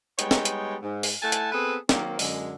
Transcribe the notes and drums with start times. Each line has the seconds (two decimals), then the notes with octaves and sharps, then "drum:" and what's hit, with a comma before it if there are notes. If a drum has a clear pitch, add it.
0.19 G3 G#3 B3 D#4 C#5 G5, drum: hi-hat
0.31 drum: snare
0.45 drum: hi-hat
0.82 G#2
1.03 drum: open hi-hat
1.22 A3 E4 F#5 G#5 A5
1.32 drum: hi-hat
1.53 B3 C4 G#4 A4 B4
1.89 D#3 F#3 A#3 C4, drum: snare
2.19 F#2 D3 G#3, drum: open hi-hat